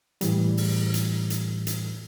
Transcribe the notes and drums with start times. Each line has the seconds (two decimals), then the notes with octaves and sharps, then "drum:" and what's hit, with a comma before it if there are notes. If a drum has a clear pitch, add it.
0.21 A2 E3 G3, drum: hi-hat
0.57 drum: open hi-hat
0.94 drum: hi-hat
1.30 drum: hi-hat
1.67 drum: hi-hat